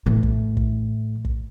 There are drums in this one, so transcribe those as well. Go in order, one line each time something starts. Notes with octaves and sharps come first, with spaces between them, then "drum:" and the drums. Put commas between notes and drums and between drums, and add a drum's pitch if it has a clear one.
A2 E3
drum: kick
drum: kick
drum: kick